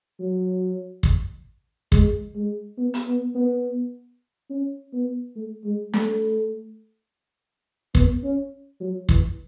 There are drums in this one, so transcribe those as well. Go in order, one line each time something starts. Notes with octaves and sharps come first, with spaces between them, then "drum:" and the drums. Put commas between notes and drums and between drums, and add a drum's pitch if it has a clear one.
F#3
drum: kick
G#3, drum: kick
G#3
B3
drum: hi-hat
B3
B3
C#4
B3
A3
G#3
A3, drum: snare
B3, drum: kick
C#4
F#3
E3, drum: kick